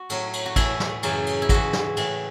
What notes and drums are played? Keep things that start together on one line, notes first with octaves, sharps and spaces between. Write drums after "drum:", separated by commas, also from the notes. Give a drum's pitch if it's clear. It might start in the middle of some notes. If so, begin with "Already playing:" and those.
Already playing: F#4
A2 F#3, drum: cymbal
drum: cymbal
F#4
A2 E3 E4, drum: kick G#1, cymbal
drum: snare
F#2 C#3 E3, drum: cymbal
drum: cymbal
E4
G#2 E3 F#4, drum: kick G#1, cymbal
drum: snare
A2 E3, drum: cymbal